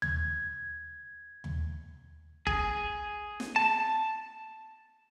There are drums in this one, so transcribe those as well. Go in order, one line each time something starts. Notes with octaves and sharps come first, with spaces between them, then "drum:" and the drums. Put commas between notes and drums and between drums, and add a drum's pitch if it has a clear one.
G#6, drum: tom D#2
drum: tom D#2
G#4, drum: kick G1
drum: snare
A5